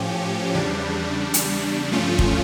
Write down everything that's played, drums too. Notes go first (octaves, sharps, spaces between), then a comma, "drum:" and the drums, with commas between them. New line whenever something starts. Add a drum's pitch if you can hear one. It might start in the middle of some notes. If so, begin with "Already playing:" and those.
Already playing: A2 F3 C#4 G4
E2 C#3 G3 D4
drum: hi-hat
G2 F3 A3 C#4 F4
drum: kick